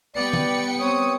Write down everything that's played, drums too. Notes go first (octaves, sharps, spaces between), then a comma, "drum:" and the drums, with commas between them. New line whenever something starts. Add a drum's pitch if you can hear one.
G3 B3 B4 D5 G5 C#7
drum: tom D3
C4 C#5 D#6